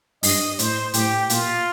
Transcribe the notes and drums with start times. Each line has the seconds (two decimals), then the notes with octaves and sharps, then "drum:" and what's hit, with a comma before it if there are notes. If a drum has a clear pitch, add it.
0.23 G2 D#5, drum: open hi-hat
0.59 A2 C5, drum: hi-hat
0.94 A2 G4, drum: hi-hat
1.30 A#2 F4, drum: hi-hat